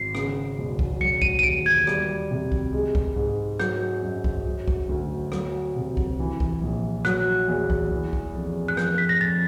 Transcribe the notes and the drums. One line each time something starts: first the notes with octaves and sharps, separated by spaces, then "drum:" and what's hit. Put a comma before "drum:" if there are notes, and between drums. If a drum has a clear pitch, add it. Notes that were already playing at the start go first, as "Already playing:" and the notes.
Already playing: G#1 C7
C#3, drum: rim click
E1
drum: kick
F#3 C#7
D#7, drum: kick
D#7
D#2 D7
G#6
G3, drum: rim click
C3
drum: kick
G#3
drum: kick
G#2
F#3 G6, drum: rim click
F#2
drum: kick
F#3
drum: kick
D2
F#3, drum: rim click
C3
drum: kick
E3
drum: kick
A#1
F#3 F#6, drum: rim click
E2
drum: kick
E3
drum: kick
F2
F#6
F3 G6, drum: rim click
B6
A#6
F2 A6